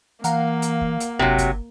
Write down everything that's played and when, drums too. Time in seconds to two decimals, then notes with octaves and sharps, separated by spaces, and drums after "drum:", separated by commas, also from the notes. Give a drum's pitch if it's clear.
0.24 E3 A#3 F5 F#5 A#5, drum: hi-hat
0.62 drum: hi-hat
0.81 drum: kick
1.00 drum: hi-hat
1.19 G1 C3 F#3, drum: kick
1.38 drum: kick, hi-hat